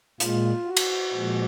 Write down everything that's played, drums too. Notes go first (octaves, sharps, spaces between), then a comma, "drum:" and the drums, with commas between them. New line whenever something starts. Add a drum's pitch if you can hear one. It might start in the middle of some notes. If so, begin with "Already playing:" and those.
A#2 G#3 F4, drum: hi-hat
F#4
drum: cymbal
A#2 F3 G#3